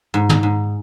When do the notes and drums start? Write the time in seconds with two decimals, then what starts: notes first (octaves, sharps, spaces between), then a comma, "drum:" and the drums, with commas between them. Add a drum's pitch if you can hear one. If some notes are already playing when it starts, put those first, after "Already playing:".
0.14 G#2
0.29 drum: tom
0.43 G#2